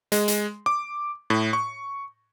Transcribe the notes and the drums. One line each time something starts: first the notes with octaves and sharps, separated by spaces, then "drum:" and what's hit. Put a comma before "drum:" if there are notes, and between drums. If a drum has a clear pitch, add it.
G#3, drum: hi-hat
drum: hi-hat
D6
A2
C#6